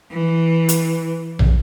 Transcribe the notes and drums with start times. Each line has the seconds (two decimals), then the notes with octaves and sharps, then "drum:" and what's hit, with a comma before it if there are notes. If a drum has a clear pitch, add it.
0.12 E3
0.69 drum: hi-hat
1.39 drum: tom